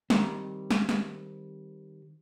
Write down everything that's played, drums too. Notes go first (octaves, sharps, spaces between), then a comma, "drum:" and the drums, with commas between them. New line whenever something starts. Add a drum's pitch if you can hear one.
D#3 G3 C4, drum: snare
drum: snare
drum: snare